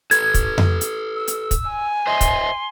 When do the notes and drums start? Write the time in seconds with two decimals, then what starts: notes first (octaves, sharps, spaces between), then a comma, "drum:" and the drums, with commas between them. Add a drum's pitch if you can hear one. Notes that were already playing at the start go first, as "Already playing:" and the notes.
0.11 A4 B4 G#6, drum: hi-hat
0.34 drum: kick, hi-hat
0.58 drum: tom F2
0.81 drum: hi-hat
1.16 E6
1.28 drum: hi-hat
1.51 drum: kick, hi-hat
1.68 G#5
2.07 C5 D#5 E5 C6
2.21 drum: kick, hi-hat